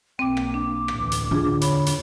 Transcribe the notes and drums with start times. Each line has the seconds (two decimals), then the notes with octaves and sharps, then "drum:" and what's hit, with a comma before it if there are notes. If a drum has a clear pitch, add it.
0.19 B1 A#3 C4 G5 D6
0.37 drum: rim click
0.54 D4 D6
0.88 D2 A2 E3, drum: rim click
1.12 drum: hi-hat
1.31 D3 F4 G#4
1.61 E2 C#5 B5, drum: hi-hat
1.86 drum: hi-hat